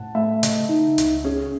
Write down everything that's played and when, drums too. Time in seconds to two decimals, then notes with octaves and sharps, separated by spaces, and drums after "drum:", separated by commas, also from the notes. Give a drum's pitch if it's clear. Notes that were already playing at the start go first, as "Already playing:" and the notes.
Already playing: A2 F#5 A5
0.15 A3 E5
0.43 C#3 D#5, drum: hi-hat
0.69 D#4
0.98 C#2, drum: hi-hat
1.25 C#4 G#4